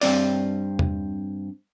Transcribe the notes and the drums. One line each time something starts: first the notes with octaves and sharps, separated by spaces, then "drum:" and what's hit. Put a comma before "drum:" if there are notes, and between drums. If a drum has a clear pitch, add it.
G2 C4 D5, drum: open hi-hat
drum: tom E2